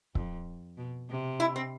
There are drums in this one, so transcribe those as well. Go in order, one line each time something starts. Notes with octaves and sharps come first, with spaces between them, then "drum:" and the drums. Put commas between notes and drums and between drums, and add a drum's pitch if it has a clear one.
F2, drum: kick C#1
B2
C3
E4
C4